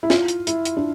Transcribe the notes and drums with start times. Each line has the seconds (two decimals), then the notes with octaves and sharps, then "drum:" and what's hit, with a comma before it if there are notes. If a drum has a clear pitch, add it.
0.03 E4
0.10 F4, drum: snare
0.28 drum: hi-hat
0.47 E4, drum: hi-hat
0.65 drum: hi-hat
0.77 D4